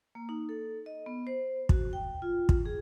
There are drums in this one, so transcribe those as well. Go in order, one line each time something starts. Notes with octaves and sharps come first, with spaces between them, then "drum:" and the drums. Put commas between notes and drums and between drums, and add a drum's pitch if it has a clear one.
A#3
D#4
A4
D#5
B3
C5
F#4, drum: kick
G5
F4
drum: kick
G#4